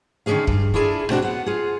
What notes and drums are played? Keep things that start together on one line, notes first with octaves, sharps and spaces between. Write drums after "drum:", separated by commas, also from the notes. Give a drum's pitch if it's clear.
D3 D#3 C#4 D4 G#4 F5
G2, drum: kick
D4 E4 F4 G#4 A4
B2 C4 D4 F#4, drum: rim click
B3 F#5
F4 G#4